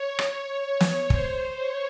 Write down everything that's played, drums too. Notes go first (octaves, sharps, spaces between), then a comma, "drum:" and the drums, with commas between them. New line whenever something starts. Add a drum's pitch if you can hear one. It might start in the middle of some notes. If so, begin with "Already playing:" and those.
Already playing: C#5
drum: rim click
drum: snare
C5, drum: kick
C#5